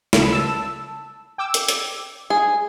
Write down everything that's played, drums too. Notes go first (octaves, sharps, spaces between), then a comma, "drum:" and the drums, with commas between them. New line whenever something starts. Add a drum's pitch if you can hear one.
C#2 B5 E7, drum: snare
A5 E6
G5 D6 E6
drum: hi-hat
drum: hi-hat
G#4